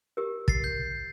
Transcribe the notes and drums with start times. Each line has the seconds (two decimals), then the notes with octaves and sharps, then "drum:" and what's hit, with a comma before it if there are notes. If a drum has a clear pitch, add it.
0.17 G4 A#4
0.48 A6 C7, drum: kick
0.64 G6